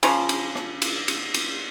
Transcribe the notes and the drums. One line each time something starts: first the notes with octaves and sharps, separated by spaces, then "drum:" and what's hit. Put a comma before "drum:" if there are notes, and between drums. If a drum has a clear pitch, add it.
C#3 F3, drum: cymbal
drum: cymbal
drum: rim click
drum: cymbal
drum: cymbal
drum: cymbal